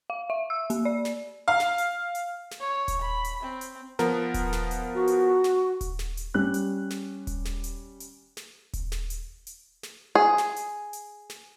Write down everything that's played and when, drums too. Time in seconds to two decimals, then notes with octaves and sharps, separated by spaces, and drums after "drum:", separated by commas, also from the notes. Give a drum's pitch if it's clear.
0.10 F5
0.30 E5
0.50 E6
0.70 A#3, drum: hi-hat
0.85 D5
1.05 drum: snare
1.48 F5
1.60 drum: snare
1.78 drum: hi-hat
2.15 drum: hi-hat
2.51 drum: snare
2.60 C#5
2.88 drum: kick D#1, hi-hat
3.02 B5
3.24 drum: hi-hat
3.43 C4
3.61 drum: hi-hat
3.99 F3 B3 A#4, drum: snare
4.34 drum: kick D#1, hi-hat
4.53 drum: snare
4.71 drum: hi-hat
4.94 F#4
5.07 drum: hi-hat
5.44 drum: snare
5.81 drum: kick D#1, hi-hat
5.99 drum: snare
6.17 drum: hi-hat
6.34 G3 C#4 F#6
6.54 drum: hi-hat
6.90 drum: snare
7.27 drum: kick D#1, hi-hat
7.45 drum: snare
7.64 drum: hi-hat
8.00 drum: hi-hat
8.37 drum: snare
8.73 drum: kick D#1, hi-hat
8.92 drum: snare
9.10 drum: hi-hat
9.47 drum: hi-hat
9.83 drum: snare
10.15 G#4
10.38 drum: snare
10.56 drum: hi-hat
10.93 drum: hi-hat
11.30 drum: snare